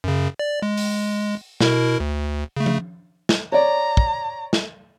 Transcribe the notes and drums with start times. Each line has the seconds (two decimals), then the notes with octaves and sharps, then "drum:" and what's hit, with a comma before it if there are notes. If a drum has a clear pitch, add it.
0.04 F#2 C#3
0.39 D5
0.62 G#3
0.77 drum: open hi-hat
1.60 B2 E4 A#4, drum: snare
2.00 D2
2.57 C#3 A3
2.66 drum: tom F3
3.29 drum: snare
3.52 C#5 D5 A#5
3.97 drum: kick
4.53 drum: snare